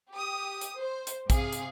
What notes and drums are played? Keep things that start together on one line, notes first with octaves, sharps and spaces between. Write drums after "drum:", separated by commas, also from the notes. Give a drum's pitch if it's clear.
G4 D#6
drum: hi-hat
C5
drum: hi-hat
C3 G#4 F5, drum: kick, hi-hat
drum: hi-hat